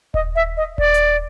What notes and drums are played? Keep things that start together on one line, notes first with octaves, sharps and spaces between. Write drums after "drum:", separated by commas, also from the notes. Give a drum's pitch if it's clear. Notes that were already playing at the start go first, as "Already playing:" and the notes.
D#5, drum: kick D#1
E5
D#5
D5, drum: kick D#1
drum: hi-hat